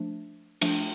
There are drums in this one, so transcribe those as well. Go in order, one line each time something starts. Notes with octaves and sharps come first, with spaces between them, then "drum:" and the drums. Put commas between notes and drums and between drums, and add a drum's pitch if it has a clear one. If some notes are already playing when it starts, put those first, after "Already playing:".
Already playing: F3 A3 D4
F3 A3 D4, drum: cymbal